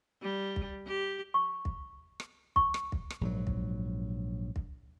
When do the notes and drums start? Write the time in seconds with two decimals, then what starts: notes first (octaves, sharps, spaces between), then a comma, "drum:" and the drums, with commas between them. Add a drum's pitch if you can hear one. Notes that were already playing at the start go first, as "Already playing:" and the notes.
0.22 G3
0.56 drum: kick
0.87 G4
1.34 C#6
1.65 drum: kick
2.20 drum: rim click
2.56 C#6, drum: kick
2.74 drum: rim click
2.92 drum: kick
3.10 drum: rim click
3.21 A#1 G#2 F3 F#3
3.47 drum: kick
4.56 drum: kick